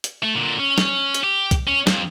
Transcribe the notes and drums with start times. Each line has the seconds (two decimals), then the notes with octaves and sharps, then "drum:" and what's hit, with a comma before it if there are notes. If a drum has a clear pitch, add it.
0.04 drum: hi-hat
0.23 A3
0.35 A#2 D3
0.59 C#4
0.78 drum: snare
1.14 drum: hi-hat
1.24 G4
1.51 drum: kick, hi-hat
1.67 C#4
1.87 F2, drum: snare